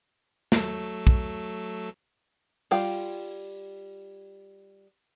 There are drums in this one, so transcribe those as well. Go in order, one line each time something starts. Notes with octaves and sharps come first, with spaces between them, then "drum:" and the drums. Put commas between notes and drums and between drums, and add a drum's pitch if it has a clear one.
F#3 A3 A4, drum: snare
drum: kick
G3 F4 F5 G5, drum: open hi-hat